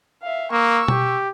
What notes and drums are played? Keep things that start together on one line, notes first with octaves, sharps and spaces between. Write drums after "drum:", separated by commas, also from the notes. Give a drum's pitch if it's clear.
E5 F5
A#3 C#6 E6
G4, drum: tom B2